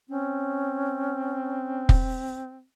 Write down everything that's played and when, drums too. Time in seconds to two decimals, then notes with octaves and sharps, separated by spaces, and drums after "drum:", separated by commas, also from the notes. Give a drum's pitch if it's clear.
0.09 C4 C#4
1.89 drum: kick